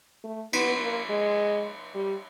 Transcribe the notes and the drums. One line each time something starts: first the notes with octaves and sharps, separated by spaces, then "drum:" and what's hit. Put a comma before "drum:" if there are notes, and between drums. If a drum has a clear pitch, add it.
A3
B3, drum: cymbal
A#3
G#3
G3